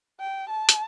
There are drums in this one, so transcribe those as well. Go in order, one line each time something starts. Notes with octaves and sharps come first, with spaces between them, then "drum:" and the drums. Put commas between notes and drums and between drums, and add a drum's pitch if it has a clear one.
G5
A5
drum: hi-hat